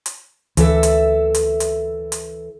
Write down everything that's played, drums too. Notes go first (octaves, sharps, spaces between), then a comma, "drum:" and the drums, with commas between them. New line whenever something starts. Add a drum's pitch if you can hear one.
drum: hi-hat
D2 E3 A4 E5, drum: hi-hat
drum: hi-hat
drum: hi-hat
drum: hi-hat
drum: hi-hat